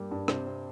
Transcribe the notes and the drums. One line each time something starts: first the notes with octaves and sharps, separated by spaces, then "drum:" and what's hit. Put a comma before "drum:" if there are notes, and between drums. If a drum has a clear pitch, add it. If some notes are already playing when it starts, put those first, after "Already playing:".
Already playing: G2 G3 A#3
G2
C3 C5, drum: rim click
C4